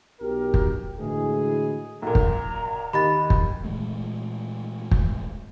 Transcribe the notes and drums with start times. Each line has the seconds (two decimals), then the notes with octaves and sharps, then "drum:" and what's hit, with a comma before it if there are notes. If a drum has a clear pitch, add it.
0.21 B1 G4 A#4
0.54 drum: kick
1.00 A2 D3 E3 G#3 F#4 G#4
2.02 B1 A#2 A#5
2.15 drum: kick
2.93 D#2 G4 D#5 B5 A6
3.30 drum: kick
3.64 A#2 E3 G#3 A3
4.91 drum: kick